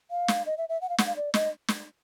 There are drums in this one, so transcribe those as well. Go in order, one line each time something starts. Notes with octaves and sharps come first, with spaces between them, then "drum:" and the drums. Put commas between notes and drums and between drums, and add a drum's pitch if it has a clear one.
F5
drum: snare
D#5
E5
E5
F#5
F5
F#5, drum: snare
F5
D5
D#5, drum: snare
drum: snare